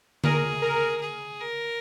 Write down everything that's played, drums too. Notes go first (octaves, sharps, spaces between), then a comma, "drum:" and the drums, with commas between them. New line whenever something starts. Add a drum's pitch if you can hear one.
G#4 A#4, drum: tom D3
A#4
G#4
A#4